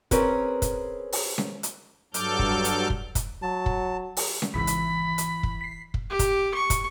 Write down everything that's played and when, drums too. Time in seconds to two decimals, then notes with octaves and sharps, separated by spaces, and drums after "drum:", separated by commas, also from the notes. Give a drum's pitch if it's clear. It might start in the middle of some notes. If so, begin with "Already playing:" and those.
0.11 C4 C#4 G#4 A#4 B4, drum: kick, hi-hat
0.62 drum: kick, hi-hat
1.12 drum: open hi-hat
1.38 drum: snare C#4
1.63 drum: hi-hat
2.14 G2 F#3 A4 D6 F6 G6, drum: hi-hat
2.39 drum: kick
2.65 drum: hi-hat
2.90 drum: kick
3.15 drum: kick, hi-hat
3.42 F#3 A5
3.66 drum: kick
4.17 drum: open hi-hat
4.42 drum: snare C#4
4.54 G#1 C#2 G#2 E3 B5 B6
4.67 drum: hi-hat
5.18 drum: hi-hat
5.43 drum: kick
5.61 B6 C7
5.94 drum: kick
6.10 G4
6.19 drum: kick, hi-hat
6.55 C#6
6.70 drum: kick, hi-hat